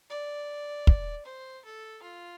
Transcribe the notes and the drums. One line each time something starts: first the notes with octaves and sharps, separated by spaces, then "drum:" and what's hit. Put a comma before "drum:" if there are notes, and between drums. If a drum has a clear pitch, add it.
D5
drum: kick
C5
A4
F4